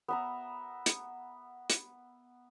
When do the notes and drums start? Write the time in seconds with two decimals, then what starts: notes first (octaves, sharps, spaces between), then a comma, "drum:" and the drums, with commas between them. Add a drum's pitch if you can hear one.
0.08 B3 E5 A#5
0.86 drum: hi-hat
1.70 drum: hi-hat